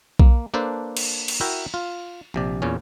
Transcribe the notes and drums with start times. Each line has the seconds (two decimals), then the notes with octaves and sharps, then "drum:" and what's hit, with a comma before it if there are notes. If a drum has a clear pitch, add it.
0.19 A#3, drum: kick B1
0.54 A#3 D4 A4 B4 C5
0.97 drum: cymbal
1.28 drum: cymbal
1.40 E4 F#4 A#4 E5 G5
1.74 F4
2.34 A#1 C3 D5
2.62 E2 A#2 C#4